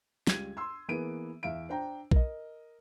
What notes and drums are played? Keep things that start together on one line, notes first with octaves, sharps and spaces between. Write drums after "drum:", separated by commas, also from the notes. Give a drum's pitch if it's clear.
C#2 G3 G#6 D#7, drum: snare
C6 E6
E3 A#3 B3 G#4 D7 D#7
E2 E5 F5 D7
D4 C5 G5 A#5
A#4 D#5, drum: kick